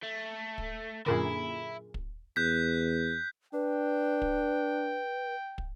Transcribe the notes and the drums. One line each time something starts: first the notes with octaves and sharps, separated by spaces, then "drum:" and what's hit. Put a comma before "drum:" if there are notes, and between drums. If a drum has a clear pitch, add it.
A3
drum: kick
F#2 A#2 D3 E4 G#4 A#4
drum: kick
E2 F#6 G6 B6
D4 B4 G5
drum: kick
drum: kick